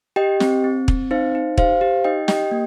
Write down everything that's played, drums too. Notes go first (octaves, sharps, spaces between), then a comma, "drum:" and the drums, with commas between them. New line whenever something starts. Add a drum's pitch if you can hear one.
G4 D#5 G5
C4, drum: snare
C4
C4, drum: kick
D#4 C5 F5
D#4
G4 C5 F5, drum: kick
G4
D#4 D#5 G5
G4 D#5 G5, drum: snare
A#3